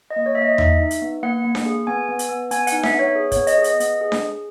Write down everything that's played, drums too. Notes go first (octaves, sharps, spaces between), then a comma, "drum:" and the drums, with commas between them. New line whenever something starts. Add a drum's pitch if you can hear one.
D#5
A#3
C#5
A#3 E5
D#5
D#4 E5, drum: tom E2
D#4
drum: hi-hat
B3
A#3 F#5
A#3
drum: snare D4
G#4
B3 G#5
B3
drum: hi-hat
B3
B3 G#5, drum: hi-hat
D#4 F#5, drum: hi-hat
E5, drum: snare D4
B3 C#5
G#4
B3 C#5, drum: kick, hi-hat
D#5, drum: hi-hat
G#4
D#5, drum: hi-hat
B3, drum: hi-hat
G#4
drum: snare D4
G#4